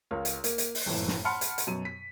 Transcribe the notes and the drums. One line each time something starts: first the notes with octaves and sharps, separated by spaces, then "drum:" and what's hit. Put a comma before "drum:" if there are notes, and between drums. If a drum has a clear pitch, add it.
C#2 A#4 C#5 F5
drum: hi-hat
A#3, drum: hi-hat
drum: hi-hat
drum: open hi-hat
F#1 F2 A2 E3
drum: snare
F#5 A5 B5 C6 F6 C#7
drum: hi-hat
drum: hi-hat
F#2 B2 D#7
B6